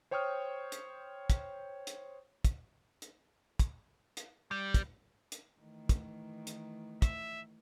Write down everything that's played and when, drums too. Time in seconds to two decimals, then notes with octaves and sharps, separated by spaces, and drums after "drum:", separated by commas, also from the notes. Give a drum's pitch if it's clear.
0.11 C5 C#5 G5 C#6 D#6 F6
0.72 drum: hi-hat
1.30 drum: kick, hi-hat
1.87 drum: hi-hat
2.45 drum: kick, hi-hat
3.02 drum: hi-hat
3.59 drum: kick, hi-hat
4.17 drum: hi-hat
4.51 G3
4.74 drum: kick, hi-hat
5.32 drum: hi-hat
5.61 D#3 E3 A3
5.89 drum: kick, hi-hat
6.47 drum: hi-hat
7.02 E5, drum: kick, hi-hat